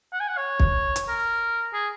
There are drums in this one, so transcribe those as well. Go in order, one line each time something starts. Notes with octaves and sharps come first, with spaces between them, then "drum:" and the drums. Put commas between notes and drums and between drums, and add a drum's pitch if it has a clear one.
F#5
G#5
F#5
C#5
drum: kick
drum: hi-hat
A#4
G#4